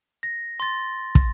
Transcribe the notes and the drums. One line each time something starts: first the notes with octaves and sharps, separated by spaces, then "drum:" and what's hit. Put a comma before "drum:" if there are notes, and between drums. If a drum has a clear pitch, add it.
A#6
C6 A6
drum: kick